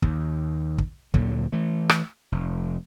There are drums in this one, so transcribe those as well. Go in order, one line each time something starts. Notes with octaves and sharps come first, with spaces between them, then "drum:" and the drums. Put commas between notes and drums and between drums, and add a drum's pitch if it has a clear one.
D#2, drum: kick
drum: kick
D2 A#2 D3 F#3, drum: kick
E3 A3
drum: rim click
F1